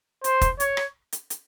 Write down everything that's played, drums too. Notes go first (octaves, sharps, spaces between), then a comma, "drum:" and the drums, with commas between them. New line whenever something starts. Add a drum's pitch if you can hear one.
C5, drum: hi-hat
drum: kick, hi-hat
C#5, drum: hi-hat
drum: rim click
drum: hi-hat
drum: hi-hat